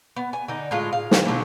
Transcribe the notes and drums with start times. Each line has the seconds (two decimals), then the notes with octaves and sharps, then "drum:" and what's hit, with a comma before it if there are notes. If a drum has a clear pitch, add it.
0.16 B3
0.33 G#5
0.48 D3 D#4
0.71 A2 G#3 F4
0.93 F5
1.11 drum: snare
1.25 B2 D3 F#3 C4